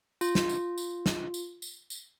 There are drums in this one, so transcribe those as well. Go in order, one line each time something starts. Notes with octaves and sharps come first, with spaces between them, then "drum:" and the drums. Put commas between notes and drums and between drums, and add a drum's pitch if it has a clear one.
F4, drum: tambourine
drum: snare
drum: tambourine
drum: tambourine
drum: snare
drum: tambourine
drum: tambourine
drum: tambourine